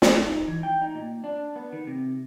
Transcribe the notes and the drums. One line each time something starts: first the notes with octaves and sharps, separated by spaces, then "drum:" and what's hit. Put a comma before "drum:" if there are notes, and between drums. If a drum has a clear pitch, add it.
drum: snare
D#4
E3
G5
D#4
A#2
D4
B3
D#3
C3